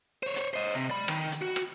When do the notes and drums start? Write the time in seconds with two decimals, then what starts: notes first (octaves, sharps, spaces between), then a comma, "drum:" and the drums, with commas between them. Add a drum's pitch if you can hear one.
0.23 C5 C#5
0.36 drum: hi-hat
0.54 C5 D#5
0.75 C3
0.90 D5 B5
1.08 D#3, drum: rim click
1.32 drum: hi-hat
1.42 F#4
1.56 drum: rim click